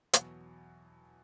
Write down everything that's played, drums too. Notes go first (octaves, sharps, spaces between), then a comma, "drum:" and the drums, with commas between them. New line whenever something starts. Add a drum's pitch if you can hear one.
E2 B2 F#3, drum: hi-hat